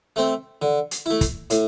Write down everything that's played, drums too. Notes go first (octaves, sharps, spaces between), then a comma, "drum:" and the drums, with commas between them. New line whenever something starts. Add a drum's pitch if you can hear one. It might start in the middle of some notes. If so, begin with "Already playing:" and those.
A3 C4
D3
drum: hi-hat
A3 E4
drum: kick, hi-hat
A2, drum: hi-hat